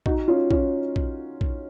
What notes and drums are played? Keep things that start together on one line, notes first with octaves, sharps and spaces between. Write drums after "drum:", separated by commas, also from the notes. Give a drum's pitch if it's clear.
D#4 F#4, drum: kick
C#4 F4
C#4 F4, drum: kick
drum: kick
drum: kick